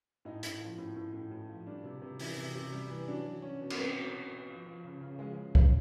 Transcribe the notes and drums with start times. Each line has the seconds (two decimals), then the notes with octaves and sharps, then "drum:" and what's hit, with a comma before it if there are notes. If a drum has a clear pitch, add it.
0.25 A2 D#4
0.43 A2, drum: hi-hat
0.61 F3
0.78 A2
0.96 A2
1.14 A2
1.31 A2
1.49 F3
1.67 G3 D4
1.84 C3
2.02 C3
2.20 E3, drum: open hi-hat
2.37 C3
2.55 C3
2.72 G3
2.90 E3
3.08 F#3 D4
3.25 F#3
3.42 F#3 C#4
3.61 B2
3.70 B3, drum: cymbal
3.78 F#3 C4
3.95 B2
4.13 B2
4.31 B2
4.49 F3
4.66 F3
4.85 C#3
5.01 C#3
5.19 F3 G#3
5.36 C#3
5.55 C#3, drum: kick B1